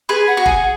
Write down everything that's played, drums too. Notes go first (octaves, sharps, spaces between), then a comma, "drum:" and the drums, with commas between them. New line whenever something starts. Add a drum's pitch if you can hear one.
G#4 B4
F#5
F#4
G#4, drum: kick